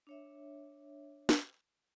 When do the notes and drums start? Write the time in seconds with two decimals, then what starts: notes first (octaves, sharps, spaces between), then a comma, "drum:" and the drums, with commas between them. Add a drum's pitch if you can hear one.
0.07 D4 C#5 E5
1.29 drum: snare